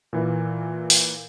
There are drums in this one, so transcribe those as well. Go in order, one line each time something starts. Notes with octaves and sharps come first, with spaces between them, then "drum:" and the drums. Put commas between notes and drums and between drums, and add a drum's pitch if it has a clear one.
A#2 E3
drum: open hi-hat